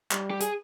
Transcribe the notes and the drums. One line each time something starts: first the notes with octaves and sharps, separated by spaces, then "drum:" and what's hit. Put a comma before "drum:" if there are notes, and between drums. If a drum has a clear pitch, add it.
G3, drum: clap
G4
G#4, drum: hi-hat